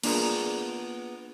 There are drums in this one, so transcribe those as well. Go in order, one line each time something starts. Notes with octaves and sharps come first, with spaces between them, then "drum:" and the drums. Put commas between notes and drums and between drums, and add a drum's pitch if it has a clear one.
A#3 B3 D4 F4 G#4 A#4, drum: cymbal